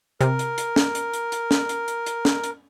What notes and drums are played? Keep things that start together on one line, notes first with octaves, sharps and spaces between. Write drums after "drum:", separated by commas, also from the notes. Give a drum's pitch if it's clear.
C3 A#4, drum: hi-hat
drum: hi-hat
drum: hi-hat
drum: snare
drum: hi-hat
drum: hi-hat
drum: hi-hat
drum: snare
drum: hi-hat
drum: hi-hat
drum: hi-hat
drum: snare
drum: hi-hat